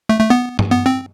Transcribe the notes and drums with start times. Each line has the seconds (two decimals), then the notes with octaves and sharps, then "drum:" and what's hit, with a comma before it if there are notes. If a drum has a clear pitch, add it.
0.09 A3
0.20 A3
0.30 B3
0.59 drum: tom G2
0.71 B3
0.86 C4